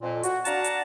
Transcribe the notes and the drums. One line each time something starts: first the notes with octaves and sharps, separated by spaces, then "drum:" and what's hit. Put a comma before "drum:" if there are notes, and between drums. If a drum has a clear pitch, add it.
F2 A#2
F#4, drum: hi-hat
D4 F#4 F5 F#5 A5 A#5, drum: hi-hat
drum: hi-hat